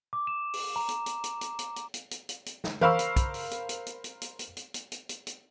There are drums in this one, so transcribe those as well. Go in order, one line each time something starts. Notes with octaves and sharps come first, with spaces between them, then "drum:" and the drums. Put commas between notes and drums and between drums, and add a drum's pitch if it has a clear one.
D6
E7
drum: open hi-hat
A#5
drum: hi-hat
drum: hi-hat
drum: hi-hat
drum: hi-hat
drum: hi-hat
drum: hi-hat
drum: hi-hat
drum: hi-hat
drum: hi-hat
drum: hi-hat
drum: snare
A#4 C5 F5 B5 C#6 E6, drum: tom E3
drum: hi-hat
drum: kick, hi-hat
drum: open hi-hat
drum: hi-hat
drum: hi-hat
drum: hi-hat
drum: hi-hat
drum: hi-hat
drum: hi-hat
drum: hi-hat
drum: hi-hat
drum: hi-hat
drum: hi-hat
drum: hi-hat